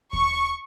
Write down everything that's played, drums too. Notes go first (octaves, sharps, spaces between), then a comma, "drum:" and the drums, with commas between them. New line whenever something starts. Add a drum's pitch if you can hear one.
C#6, drum: kick D#2